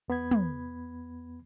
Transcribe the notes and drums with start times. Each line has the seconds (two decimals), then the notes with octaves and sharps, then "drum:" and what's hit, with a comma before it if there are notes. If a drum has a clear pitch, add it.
0.08 E2 B3 B5 G#6
0.31 drum: tom